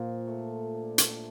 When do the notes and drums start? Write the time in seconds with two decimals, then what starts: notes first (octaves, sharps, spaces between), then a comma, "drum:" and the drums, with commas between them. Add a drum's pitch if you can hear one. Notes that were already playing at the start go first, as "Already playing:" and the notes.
Already playing: A#2 F3
0.27 A3
0.74 D4
0.98 drum: hi-hat